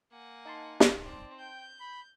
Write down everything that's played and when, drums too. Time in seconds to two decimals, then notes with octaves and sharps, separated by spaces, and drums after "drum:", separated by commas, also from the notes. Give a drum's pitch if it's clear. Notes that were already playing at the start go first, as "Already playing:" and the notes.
0.13 A#3 F#5 G#5
0.45 D#4 A5 C6
0.80 drum: snare
1.04 C4 D5
1.40 G5 G6
1.80 B5